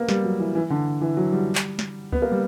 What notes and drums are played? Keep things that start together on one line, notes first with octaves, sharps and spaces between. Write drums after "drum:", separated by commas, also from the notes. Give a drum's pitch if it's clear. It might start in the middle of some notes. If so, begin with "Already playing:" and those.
Already playing: A#3 B3
G3, drum: snare
F#3
E3
E3
D3
E3
F#3
G3
drum: clap
drum: snare
B3, drum: kick C#2
A#3
G3